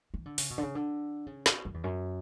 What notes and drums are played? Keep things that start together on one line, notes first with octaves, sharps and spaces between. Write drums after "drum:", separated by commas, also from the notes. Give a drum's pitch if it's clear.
E3
D3
C#3, drum: open hi-hat
B2
D3
C#3
D3
C#3
B2, drum: snare
F#2
E2
F#2